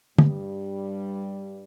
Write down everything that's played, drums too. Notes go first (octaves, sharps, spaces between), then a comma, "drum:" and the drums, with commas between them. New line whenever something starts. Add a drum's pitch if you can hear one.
G2 G3, drum: tom